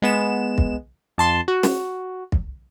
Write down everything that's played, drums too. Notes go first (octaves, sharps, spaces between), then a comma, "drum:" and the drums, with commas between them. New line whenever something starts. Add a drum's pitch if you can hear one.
G#3 B3 E7
drum: kick
F2 A5 C6
F#4
drum: snare
drum: kick